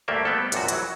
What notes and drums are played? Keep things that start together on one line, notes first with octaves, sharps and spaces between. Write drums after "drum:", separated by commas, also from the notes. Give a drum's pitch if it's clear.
D2 G2 A3 A#3 G4 E5
G3 A3 B3 C4 G4 A4
A#1 F#2 C3 F#4, drum: hi-hat
E3 F#3, drum: hi-hat